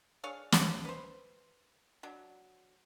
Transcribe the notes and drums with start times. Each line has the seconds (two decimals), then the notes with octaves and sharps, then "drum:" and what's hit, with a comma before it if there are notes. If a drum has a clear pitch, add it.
0.23 D4 G#4 C#5 F5
0.52 drum: snare
0.85 B4 C5
2.03 F#3 D4